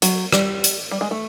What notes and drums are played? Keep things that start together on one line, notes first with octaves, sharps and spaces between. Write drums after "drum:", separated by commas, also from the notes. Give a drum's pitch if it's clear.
F#3, drum: hi-hat
G3, drum: rim click
drum: hi-hat
G3
G#3
A3